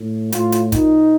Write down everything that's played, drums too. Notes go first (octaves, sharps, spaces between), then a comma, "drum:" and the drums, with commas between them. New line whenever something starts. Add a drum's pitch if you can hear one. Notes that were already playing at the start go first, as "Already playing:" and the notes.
Already playing: A2
A2 F4, drum: hi-hat
drum: hi-hat
A#2 D#4, drum: kick, hi-hat